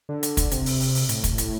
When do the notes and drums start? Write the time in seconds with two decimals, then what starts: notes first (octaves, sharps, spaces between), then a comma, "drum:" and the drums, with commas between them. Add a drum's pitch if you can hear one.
0.09 D3
0.23 drum: hi-hat
0.37 drum: kick, hi-hat
0.51 C3, drum: hi-hat
0.66 drum: open hi-hat
0.80 drum: open hi-hat
0.95 drum: open hi-hat
1.09 A2, drum: hi-hat
1.24 drum: kick, hi-hat
1.38 drum: hi-hat